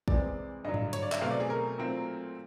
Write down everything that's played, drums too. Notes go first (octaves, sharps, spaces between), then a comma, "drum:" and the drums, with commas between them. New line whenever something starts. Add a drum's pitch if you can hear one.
C3 E3 G#3 C4 D5, drum: kick
G2 D3 F#3 D#5
drum: tom G#2
C#5, drum: hi-hat
D5
E5, drum: clap
B2 F#3 A3 C4 F5
D5
G#4
A#4
A#2 F#3 A3 C4